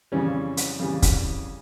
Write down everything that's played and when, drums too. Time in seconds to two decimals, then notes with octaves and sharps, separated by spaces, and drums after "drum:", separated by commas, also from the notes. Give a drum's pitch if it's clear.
0.12 F2 C#3 E3 G3 C#4
0.57 drum: hi-hat
0.79 F2 C#3 E3 G3
1.02 drum: kick, hi-hat